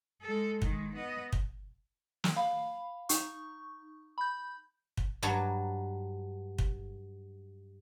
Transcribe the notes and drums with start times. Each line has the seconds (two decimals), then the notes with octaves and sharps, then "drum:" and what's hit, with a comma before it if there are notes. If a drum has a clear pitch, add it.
0.22 G#3 A4
0.62 D#3 G#3, drum: kick
0.95 B3 D#5
1.33 drum: kick
2.24 drum: snare
2.36 F5 B5
3.09 D#4 C#6, drum: hi-hat
4.18 B5 G6
4.97 drum: kick
5.22 G2 F#3 A5 A#5
6.58 drum: kick